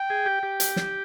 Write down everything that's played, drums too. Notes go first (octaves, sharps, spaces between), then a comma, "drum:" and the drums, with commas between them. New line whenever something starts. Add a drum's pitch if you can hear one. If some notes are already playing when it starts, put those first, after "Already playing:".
Already playing: G5
G#4
G4
G4
drum: hi-hat
drum: snare